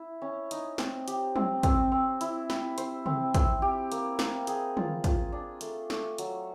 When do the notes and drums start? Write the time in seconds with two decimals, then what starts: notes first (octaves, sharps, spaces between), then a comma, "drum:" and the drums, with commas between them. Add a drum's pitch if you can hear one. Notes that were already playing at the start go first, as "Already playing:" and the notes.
Already playing: E4
0.22 C#4
0.51 D#4, drum: hi-hat
0.78 C4, drum: snare
1.08 G4, drum: hi-hat
1.36 C4, drum: tom
1.63 C4, drum: kick, hi-hat
1.92 C4
2.21 E4, drum: hi-hat
2.50 E4, drum: snare
2.78 C5, drum: hi-hat
3.06 C4, drum: tom
3.34 C4, drum: kick, hi-hat
3.62 G4
3.92 A#3, drum: hi-hat
4.19 A#3, drum: snare
4.47 G#4, drum: hi-hat
4.77 F4, drum: tom
5.04 F4, drum: kick, hi-hat
5.32 D4
5.61 A3, drum: hi-hat
5.90 A3, drum: snare
6.18 F#3, drum: hi-hat